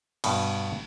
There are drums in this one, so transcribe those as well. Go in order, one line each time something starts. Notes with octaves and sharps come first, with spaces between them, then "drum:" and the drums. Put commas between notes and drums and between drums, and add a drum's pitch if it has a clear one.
G2 B2, drum: cymbal